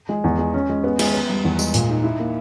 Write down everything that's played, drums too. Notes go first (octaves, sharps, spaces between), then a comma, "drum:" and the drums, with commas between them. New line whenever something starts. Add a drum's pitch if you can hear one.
G#3
E2
G#3
C#4
G#3
B3
G#3, drum: cymbal
B3
G3
E2
G#3, drum: tambourine
A#2, drum: hi-hat
D#4
E4
A#3